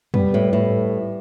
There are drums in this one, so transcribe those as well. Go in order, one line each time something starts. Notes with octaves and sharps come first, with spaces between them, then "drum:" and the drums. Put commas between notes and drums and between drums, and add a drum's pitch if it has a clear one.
G3 B3, drum: tom
A2
A2